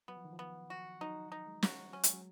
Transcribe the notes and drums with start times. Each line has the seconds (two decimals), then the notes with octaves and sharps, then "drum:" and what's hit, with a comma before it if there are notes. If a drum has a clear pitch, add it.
0.08 F#3 B3
0.17 F3
0.25 D#3
0.32 F3
0.39 B3
0.70 F#4
1.01 F#3 D#4
1.32 D#4
1.47 G#3
1.63 F#4, drum: snare
1.93 F#3 C#4
2.03 G#3, drum: hi-hat
2.14 F#3